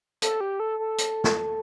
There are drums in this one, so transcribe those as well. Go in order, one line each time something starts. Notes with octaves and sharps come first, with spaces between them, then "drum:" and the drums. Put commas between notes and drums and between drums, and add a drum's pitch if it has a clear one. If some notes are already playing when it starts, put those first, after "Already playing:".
A4, drum: hi-hat
G4
A4
A4
drum: hi-hat
drum: snare